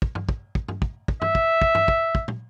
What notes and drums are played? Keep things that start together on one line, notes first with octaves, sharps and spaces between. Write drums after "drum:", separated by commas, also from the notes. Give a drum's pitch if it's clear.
drum: kick
drum: tom G2
drum: kick
drum: kick
drum: tom G2
drum: kick
drum: kick
E5, drum: tom G2
drum: kick
drum: kick
drum: tom G2
drum: kick
drum: kick
drum: tom